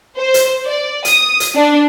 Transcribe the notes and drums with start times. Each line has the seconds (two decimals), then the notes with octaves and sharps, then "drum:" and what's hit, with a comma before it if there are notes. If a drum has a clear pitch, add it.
0.18 C5
0.34 drum: hi-hat
0.66 D5
1.05 D#6, drum: hi-hat
1.40 drum: hi-hat
1.55 D4